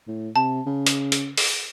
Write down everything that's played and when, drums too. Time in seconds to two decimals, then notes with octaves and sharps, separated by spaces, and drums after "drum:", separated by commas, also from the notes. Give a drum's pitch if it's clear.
0.08 A2
0.36 C3 A5
0.66 C#3
0.87 drum: hi-hat
1.12 drum: hi-hat
1.37 drum: open hi-hat